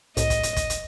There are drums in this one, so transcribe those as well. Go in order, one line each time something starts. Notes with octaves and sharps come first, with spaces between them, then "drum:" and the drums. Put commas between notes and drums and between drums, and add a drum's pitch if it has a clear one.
C2 A2 D#5, drum: hi-hat
drum: kick, hi-hat
drum: hi-hat
drum: kick, hi-hat
drum: hi-hat